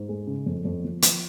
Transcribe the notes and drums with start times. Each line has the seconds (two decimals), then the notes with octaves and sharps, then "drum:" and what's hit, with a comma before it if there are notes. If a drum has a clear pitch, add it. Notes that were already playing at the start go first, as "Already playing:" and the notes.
Already playing: G#2
0.09 G#3
0.27 C#3
0.46 F2
0.65 F2
0.84 F3
1.02 F3, drum: hi-hat